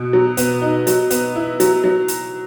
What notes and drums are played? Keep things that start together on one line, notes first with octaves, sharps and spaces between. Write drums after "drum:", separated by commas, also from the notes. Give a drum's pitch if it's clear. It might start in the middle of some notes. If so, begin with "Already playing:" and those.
Already playing: B2
F#3
B3, drum: hi-hat
D#4
F#3, drum: hi-hat
B3, drum: hi-hat
E4
F#3, drum: hi-hat
F#3
drum: hi-hat